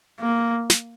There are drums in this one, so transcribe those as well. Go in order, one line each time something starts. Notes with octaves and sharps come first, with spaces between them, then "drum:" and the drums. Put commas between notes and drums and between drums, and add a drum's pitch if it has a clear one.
A#3
drum: snare